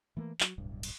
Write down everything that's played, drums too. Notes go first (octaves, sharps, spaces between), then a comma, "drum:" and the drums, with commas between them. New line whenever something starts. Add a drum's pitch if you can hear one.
E3 A3 A#3
F#3, drum: clap
D1 B1 G2
drum: cymbal